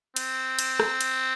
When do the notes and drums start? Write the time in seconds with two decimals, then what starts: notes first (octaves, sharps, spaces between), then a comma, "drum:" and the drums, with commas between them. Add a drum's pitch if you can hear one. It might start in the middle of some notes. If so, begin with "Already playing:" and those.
0.16 C4, drum: cymbal
0.59 drum: cymbal
0.80 drum: rim click
1.01 drum: cymbal